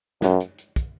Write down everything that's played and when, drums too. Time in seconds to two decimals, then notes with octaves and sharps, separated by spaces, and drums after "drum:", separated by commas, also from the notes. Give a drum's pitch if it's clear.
0.22 F#2, drum: snare
0.40 drum: hi-hat
0.58 drum: hi-hat
0.76 drum: kick, hi-hat